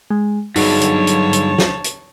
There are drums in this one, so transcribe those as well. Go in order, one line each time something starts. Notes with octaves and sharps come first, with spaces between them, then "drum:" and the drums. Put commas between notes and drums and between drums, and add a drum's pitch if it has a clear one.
G#3
G2 D3 F#3 D#4 G#4 C#5 A5, drum: open hi-hat
drum: hi-hat
drum: hi-hat
drum: hi-hat
drum: snare
drum: hi-hat